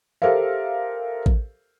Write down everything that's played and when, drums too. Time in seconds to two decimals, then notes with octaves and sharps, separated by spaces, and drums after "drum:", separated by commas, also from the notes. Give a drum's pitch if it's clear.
0.22 G4 A4 A#4 C5 E5 F5
1.26 drum: kick A1